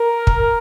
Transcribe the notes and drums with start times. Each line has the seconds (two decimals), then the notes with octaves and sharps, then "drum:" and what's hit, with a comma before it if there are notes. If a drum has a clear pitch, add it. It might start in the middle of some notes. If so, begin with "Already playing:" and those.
Already playing: A#4
0.27 drum: kick